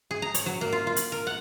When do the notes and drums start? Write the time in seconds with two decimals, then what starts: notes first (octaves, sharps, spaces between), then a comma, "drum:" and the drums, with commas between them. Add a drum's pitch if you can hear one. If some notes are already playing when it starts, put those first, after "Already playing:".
0.11 G#4
0.22 A#5
0.34 C#5, drum: hi-hat
0.46 F#3
0.61 A#3
0.73 F4
0.87 F4
0.96 drum: hi-hat
1.12 A#4
1.27 F#5